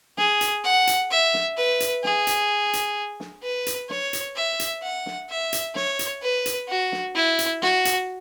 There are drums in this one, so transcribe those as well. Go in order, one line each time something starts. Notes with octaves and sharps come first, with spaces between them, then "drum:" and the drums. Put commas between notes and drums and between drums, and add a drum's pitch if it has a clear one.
G#4, drum: snare
drum: hi-hat
F#5
drum: hi-hat
E5
drum: snare
B4
drum: hi-hat
G#4, drum: snare
drum: hi-hat
drum: hi-hat
drum: snare
B4
drum: hi-hat
C#5, drum: snare
drum: hi-hat
E5
drum: hi-hat
F#5
drum: snare
E5
drum: hi-hat
C#5, drum: snare
drum: hi-hat
B4
drum: hi-hat
F#4
drum: snare
E4
drum: hi-hat
F#4, drum: snare
drum: hi-hat